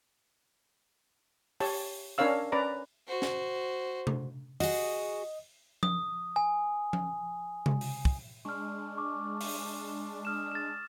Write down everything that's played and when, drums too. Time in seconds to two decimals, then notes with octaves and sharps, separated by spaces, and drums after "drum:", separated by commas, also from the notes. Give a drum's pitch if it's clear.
1.60 G4 C#5 A5, drum: open hi-hat
2.18 C#4 D4 A#4 C#5 F5 E6
2.52 C#4 B4 D5 A#5
3.07 F#4 C5
3.22 drum: snare
4.07 drum: tom C3
4.60 F#4 G#4 D#5, drum: open hi-hat
5.83 D#6, drum: tom F3
6.36 G#5
6.93 drum: tom F3
7.66 drum: tom C3
7.81 drum: open hi-hat
8.05 drum: kick
8.45 G#3 D4 C#6 F6
8.97 C#6 D6
9.41 drum: open hi-hat
10.25 D#6 F6 E7
10.51 A6 E7